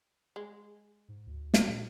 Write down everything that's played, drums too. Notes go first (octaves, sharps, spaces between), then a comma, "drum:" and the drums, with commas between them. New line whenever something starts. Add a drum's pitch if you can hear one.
G#3
G#2
D2
drum: snare
A#2